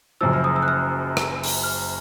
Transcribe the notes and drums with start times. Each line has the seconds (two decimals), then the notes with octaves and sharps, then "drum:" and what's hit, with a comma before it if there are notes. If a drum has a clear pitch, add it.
0.21 F#1 F#2 C#3 F3 E6
0.33 F6
0.44 D#6
0.56 E6
0.63 F#6
0.68 F6
1.17 drum: rim click
1.43 drum: open hi-hat
1.63 F6